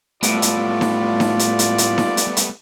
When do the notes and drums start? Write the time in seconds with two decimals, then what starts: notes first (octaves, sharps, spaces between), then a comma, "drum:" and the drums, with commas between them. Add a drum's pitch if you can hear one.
0.23 A2 G3 A3 B3 F4 D5, drum: hi-hat
0.42 drum: hi-hat
0.81 drum: snare D#4
1.20 drum: snare D#4
1.39 drum: hi-hat
1.59 drum: hi-hat
1.78 drum: hi-hat
1.98 drum: snare D#4
2.17 drum: hi-hat
2.37 drum: hi-hat